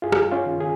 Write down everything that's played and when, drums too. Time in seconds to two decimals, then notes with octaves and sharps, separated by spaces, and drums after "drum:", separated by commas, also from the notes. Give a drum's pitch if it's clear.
0.02 G2 F4 G#4
0.12 drum: rim click
0.32 C#4 F4
0.46 D#3
0.60 G#4